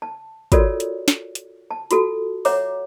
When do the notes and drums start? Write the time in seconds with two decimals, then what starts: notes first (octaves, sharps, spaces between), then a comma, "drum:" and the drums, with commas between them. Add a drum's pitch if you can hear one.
0.02 A5
0.52 F4 F#4 A4 A#4 C#5 D5, drum: kick, hi-hat
0.80 drum: hi-hat
1.08 drum: snare
1.35 drum: hi-hat
1.71 A5
1.91 F4 F#4 A4, drum: hi-hat
2.45 C#5 E5 F#5 A#5 D6, drum: open hi-hat